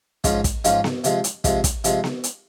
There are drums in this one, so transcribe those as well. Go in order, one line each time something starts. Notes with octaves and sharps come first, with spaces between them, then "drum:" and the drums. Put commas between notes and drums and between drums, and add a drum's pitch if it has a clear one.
G#2 F3 G#3 C#4 F4, drum: kick, hi-hat
drum: kick, hi-hat
G#2 F3 G#3 C#4 F4, drum: hi-hat
drum: snare B3
C3 F3 G#3, drum: hi-hat
drum: hi-hat
C3 F3 G#3, drum: kick, hi-hat
drum: kick, hi-hat
C3 F3 G#3, drum: hi-hat
drum: snare B3
drum: hi-hat